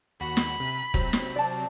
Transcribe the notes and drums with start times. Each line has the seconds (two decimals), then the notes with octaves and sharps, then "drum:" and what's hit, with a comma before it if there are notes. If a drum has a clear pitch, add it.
0.21 D#2 F#4 B5
0.37 drum: snare
0.60 C3
0.94 C3 F#3 C4, drum: kick
1.13 drum: snare
1.36 D5 A5